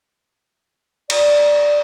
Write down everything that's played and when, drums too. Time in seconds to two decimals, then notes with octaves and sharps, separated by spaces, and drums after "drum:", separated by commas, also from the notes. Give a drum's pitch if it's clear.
1.10 D5, drum: cymbal